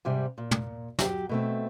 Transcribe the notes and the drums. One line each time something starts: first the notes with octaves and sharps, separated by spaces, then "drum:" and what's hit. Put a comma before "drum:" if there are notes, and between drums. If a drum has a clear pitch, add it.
G#2 C3 G3
A#2
drum: tom
F#3 G4, drum: snare
B2 A3 C4